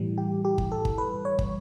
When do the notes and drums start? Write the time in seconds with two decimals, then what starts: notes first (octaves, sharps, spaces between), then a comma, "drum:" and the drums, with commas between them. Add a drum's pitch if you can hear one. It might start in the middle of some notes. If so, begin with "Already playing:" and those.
Already playing: A2 E3 G3
0.18 G4
0.45 G4
0.58 drum: kick
0.72 A4
0.85 drum: kick
0.98 B4
1.25 C#5
1.39 drum: kick